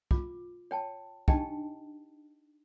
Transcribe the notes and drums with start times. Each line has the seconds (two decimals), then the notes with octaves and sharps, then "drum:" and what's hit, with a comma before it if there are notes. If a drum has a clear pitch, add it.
0.11 F4 D6, drum: kick
0.71 C#5 G5 A5
1.28 D4 D#4 G4 D#5 G5 A5, drum: kick